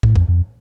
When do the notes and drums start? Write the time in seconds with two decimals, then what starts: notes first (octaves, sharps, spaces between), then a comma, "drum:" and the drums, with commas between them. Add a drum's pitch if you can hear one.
0.03 A2, drum: kick
0.15 F2, drum: kick
0.28 F2